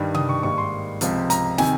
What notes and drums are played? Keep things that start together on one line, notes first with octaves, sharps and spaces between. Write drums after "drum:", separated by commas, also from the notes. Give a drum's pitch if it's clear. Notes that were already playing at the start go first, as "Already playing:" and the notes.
Already playing: G2 D#3 G3
D#6, drum: tom C3
C#6
G#1 G#2 G3 A#3 C#6
C6
C#2 C3 F3, drum: hi-hat
A#5, drum: hi-hat
C3 D#3 G#5, drum: snare